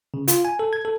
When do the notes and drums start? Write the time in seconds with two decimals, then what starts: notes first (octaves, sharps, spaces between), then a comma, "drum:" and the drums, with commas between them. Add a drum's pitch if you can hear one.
0.14 C#3
0.28 F4, drum: hi-hat
0.45 G#5
0.59 A4
0.73 G#6
0.85 A4